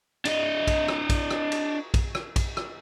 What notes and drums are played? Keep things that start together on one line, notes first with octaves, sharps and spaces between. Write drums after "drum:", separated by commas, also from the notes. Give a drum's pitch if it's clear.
D4 D#5, drum: cymbal
drum: kick A#1, cymbal
drum: rim click
drum: kick A#1, cymbal
drum: rim click
drum: cymbal
drum: kick A#1, cymbal
drum: rim click
drum: kick A#1, cymbal
drum: rim click